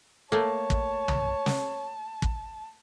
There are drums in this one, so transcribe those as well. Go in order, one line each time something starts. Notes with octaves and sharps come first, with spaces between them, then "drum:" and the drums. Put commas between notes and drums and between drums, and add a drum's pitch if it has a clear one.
A3 A#3 C#5 A5
drum: kick
drum: tom
drum: snare
drum: kick